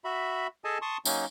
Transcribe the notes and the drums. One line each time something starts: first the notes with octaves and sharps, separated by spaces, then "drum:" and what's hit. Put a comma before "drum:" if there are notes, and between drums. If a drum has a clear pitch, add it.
F#4 E5 B5
G#4 A4 D#5 G#5 A5
A5 C6 C#6 D#6
F#3 A#3 C#4 D#4, drum: tambourine